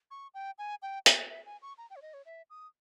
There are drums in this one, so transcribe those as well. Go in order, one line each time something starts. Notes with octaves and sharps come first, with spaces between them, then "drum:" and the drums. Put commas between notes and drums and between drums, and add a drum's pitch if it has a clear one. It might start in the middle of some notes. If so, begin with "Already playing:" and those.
C#6
G5
G#5
G5
E5, drum: hi-hat
E5
G#5
C#6
A#5
G5
C#5
D#5
C#5
E5
D#6